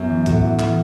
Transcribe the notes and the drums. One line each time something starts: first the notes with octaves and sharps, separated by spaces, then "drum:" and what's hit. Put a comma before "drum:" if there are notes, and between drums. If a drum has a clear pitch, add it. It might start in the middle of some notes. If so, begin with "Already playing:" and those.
Already playing: F#2 B3 C#4 E4
E3
A2 F#4, drum: kick, hi-hat
E3
E3, drum: clap